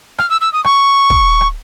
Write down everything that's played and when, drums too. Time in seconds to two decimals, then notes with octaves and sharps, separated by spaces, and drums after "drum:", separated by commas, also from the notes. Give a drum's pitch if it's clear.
0.18 F6, drum: rim click
0.30 E6
0.41 E6
0.53 D#6
0.64 C#6, drum: rim click
1.10 drum: kick
1.41 drum: rim click